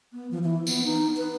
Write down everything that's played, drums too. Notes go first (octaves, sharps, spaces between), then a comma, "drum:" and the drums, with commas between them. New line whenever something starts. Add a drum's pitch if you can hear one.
B3
F3
E3
B3, drum: tambourine
D#4
B4